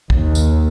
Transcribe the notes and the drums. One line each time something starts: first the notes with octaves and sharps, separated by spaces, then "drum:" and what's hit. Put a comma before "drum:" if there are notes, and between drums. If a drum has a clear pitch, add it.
D#2, drum: kick
drum: tambourine